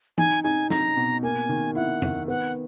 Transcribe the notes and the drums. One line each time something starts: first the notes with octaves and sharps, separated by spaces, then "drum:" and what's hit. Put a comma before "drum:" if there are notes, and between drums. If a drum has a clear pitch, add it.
D#4 G#5, drum: tom E3
D#4 G#5
D#4 A#5, drum: snare
B2
A#3 G#5
D#3
E4 F#5
D#3, drum: tom
B3 F#5